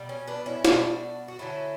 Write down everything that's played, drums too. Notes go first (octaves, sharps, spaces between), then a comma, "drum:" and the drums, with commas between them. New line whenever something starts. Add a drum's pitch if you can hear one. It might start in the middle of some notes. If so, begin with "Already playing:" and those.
Already playing: B2 G3
C#4
B3 D4
C#4 E4
B2 G3 D4 F#4, drum: snare
F#4
D3 F#3 A3 C#4 E4